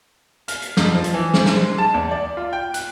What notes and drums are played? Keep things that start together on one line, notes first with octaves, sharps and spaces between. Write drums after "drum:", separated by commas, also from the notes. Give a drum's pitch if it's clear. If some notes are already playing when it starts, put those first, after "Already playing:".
F6, drum: hi-hat
drum: hi-hat
F2, drum: snare
F3
drum: hi-hat
E3
C4, drum: snare
drum: snare
G#3
A5
E2
D5
F4
G5
F#6, drum: hi-hat